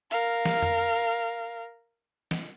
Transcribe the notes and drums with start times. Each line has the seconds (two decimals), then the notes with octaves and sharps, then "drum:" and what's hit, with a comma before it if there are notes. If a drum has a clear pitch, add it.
0.11 A#4 F5, drum: hi-hat
0.45 drum: snare
0.62 drum: tom F2
2.31 drum: snare